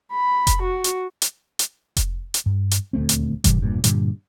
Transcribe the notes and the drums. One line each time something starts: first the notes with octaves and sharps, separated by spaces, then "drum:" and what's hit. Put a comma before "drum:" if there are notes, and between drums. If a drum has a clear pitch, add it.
B5
drum: kick F1, hi-hat
F#4
drum: hi-hat
drum: hi-hat
drum: hi-hat
drum: kick F1, hi-hat
drum: hi-hat
G2
drum: hi-hat
D#1 D2 A3 C4
drum: hi-hat
G#2 C3 E3 G3, drum: kick F1, hi-hat
E1 G2 A#2
G2 A#2 D3 G3, drum: hi-hat